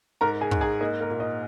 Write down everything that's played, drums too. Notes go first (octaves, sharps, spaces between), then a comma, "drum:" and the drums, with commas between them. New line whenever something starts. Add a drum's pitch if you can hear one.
G#2 A#4 A#5
G#4 G#5
G#2, drum: kick
G#4 G#5
A#3 D#4 D#5
A#3 A#4
A#2
D#4 D#5